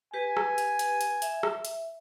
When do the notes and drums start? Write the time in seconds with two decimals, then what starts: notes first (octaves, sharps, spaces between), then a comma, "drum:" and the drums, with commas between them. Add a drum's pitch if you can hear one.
0.14 G4 B4 G#5
0.37 drum: rim click
0.58 drum: hi-hat
0.79 drum: hi-hat
1.01 drum: hi-hat
1.22 E5, drum: hi-hat
1.43 drum: rim click
1.65 drum: hi-hat